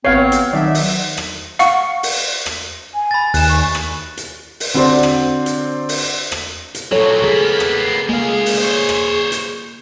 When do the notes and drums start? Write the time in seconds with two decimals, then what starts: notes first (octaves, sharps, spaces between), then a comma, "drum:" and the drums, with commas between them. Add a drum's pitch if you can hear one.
0.05 G#1 B3 C4 C#5 F5 C7
0.32 drum: hi-hat
0.53 D#3 F#3 D#4 D5 E5 F#5
0.75 drum: open hi-hat
1.17 drum: rim click
1.59 F5 F#5 C#6, drum: hi-hat
2.03 drum: open hi-hat
2.46 drum: rim click
2.94 G#5
3.11 B5 A6
3.34 D#2 F#6 E7, drum: open hi-hat
3.49 C#6
3.75 drum: rim click
4.17 drum: hi-hat
4.60 drum: open hi-hat
4.74 D3 C4 F#4 C5 D5
5.03 drum: rim click
5.46 drum: hi-hat
5.89 drum: open hi-hat
6.32 drum: rim click
6.75 drum: hi-hat
6.92 A#2 F#3 A4 C#5
7.22 C#3 A#3 B3 G#4 B6
7.60 drum: rim click
7.76 C7
8.09 G#3 A#3 G#4 F5
8.46 drum: open hi-hat
8.58 C5 C#5
8.89 drum: rim click
9.32 drum: hi-hat